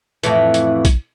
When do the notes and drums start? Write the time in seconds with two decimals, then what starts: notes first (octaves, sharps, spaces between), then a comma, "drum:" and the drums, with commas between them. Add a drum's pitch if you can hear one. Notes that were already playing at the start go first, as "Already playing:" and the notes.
0.23 F2 A2 E3, drum: hi-hat
0.54 drum: hi-hat
0.85 drum: kick A#1, hi-hat